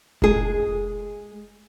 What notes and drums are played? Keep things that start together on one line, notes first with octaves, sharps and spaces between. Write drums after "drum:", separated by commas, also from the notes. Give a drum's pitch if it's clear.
G#3 G#4, drum: kick F1